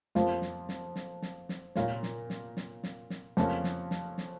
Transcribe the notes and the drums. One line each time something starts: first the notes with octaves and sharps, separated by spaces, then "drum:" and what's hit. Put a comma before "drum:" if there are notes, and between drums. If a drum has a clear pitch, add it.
F2 F3 A#3 F4, drum: snare
drum: snare
drum: snare
drum: snare
drum: snare
drum: snare
A#2 A#3 F4 A#4 C#5, drum: snare
drum: snare
drum: snare
drum: snare
drum: snare
drum: snare
F2 F3 A#3 C#4 F4, drum: snare
drum: snare
drum: snare
drum: snare